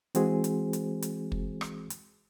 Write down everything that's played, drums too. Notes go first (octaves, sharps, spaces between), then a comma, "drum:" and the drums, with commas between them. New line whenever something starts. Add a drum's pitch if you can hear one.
E3 G#3 C4 F#4 G#4 C5, drum: hi-hat
drum: hi-hat
drum: hi-hat
drum: hi-hat
drum: kick
drum: rim click
drum: hi-hat